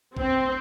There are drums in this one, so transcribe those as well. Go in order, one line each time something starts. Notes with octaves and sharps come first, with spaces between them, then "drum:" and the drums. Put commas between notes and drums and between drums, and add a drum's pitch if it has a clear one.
C4, drum: kick